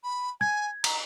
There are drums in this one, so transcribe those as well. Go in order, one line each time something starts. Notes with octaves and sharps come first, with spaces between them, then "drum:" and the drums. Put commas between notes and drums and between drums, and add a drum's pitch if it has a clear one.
B5
G#5 G#6
A#5, drum: cymbal